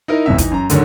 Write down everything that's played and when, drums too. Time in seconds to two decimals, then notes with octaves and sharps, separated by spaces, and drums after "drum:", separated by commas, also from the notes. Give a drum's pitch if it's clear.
0.08 D#4 E4 A#4 D#5
0.26 G#1 E2 C3 E5
0.38 E3 D#4, drum: kick, hi-hat
0.51 F#2 A#5
0.69 D2 G#2 D3 D#3 F#3, drum: hi-hat